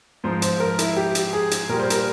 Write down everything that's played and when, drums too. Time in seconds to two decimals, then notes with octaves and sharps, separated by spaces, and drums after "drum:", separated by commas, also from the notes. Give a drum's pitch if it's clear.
0.24 G#2 F3 C5
0.42 C5, drum: hi-hat
0.60 A#4
0.79 E4, drum: hi-hat
0.97 G4
1.15 drum: hi-hat
1.33 G#4
1.51 drum: hi-hat
1.69 A#2 G3 A#4
1.80 C5
1.90 A#4, drum: hi-hat